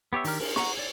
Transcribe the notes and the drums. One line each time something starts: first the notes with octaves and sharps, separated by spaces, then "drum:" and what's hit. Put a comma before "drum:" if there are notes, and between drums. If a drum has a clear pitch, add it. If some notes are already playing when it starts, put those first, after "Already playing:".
B3 G4 C#5 E5
D#3 D4 G4 A#4 F6, drum: open hi-hat
A#4, drum: cymbal
F#5 A#5 C#6, drum: snare
C#5 D5